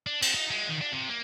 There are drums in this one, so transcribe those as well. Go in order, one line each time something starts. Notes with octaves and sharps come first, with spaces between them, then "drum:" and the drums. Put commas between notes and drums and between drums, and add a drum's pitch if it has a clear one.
D4
C4, drum: cymbal
D#4
G#3
D#3
D4
C3
A#3